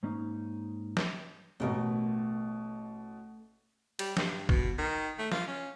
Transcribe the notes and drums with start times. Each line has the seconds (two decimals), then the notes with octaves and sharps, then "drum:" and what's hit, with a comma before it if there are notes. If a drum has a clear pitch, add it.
0.03 G#2 A#3 C#4 D#4
0.97 drum: snare
1.60 A1 B2 A3 A#4
3.99 G3, drum: cymbal
4.17 G2, drum: snare
4.49 B2, drum: kick
4.78 D#3
5.18 A3
5.32 F4, drum: snare
5.47 C#4